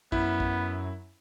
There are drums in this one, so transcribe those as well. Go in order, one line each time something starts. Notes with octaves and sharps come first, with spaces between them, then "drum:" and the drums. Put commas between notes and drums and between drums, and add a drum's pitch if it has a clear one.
F#2 B3 E4, drum: kick A1
drum: kick A1